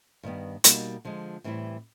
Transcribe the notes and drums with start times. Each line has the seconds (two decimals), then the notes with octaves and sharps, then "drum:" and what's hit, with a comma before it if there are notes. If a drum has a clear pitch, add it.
0.23 G2 D#3 G3 B3
0.64 B2 G3 A#3 D#4 F#4, drum: hi-hat
1.05 D3 F3 G#3
1.44 A2 E3 G3 C4 E4